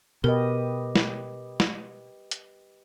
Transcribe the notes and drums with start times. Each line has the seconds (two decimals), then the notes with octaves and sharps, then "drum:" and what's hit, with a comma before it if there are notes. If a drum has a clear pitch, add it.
0.24 B2 G4 A#4 B4 D#5
0.96 drum: snare
1.60 drum: snare
2.31 drum: hi-hat